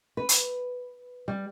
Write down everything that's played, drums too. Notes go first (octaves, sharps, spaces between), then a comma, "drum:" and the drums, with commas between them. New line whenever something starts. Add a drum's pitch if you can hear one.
B4
drum: hi-hat
G3